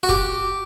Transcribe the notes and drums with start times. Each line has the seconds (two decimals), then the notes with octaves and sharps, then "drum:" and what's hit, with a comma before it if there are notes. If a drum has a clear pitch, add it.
0.03 F#4
0.09 G4, drum: kick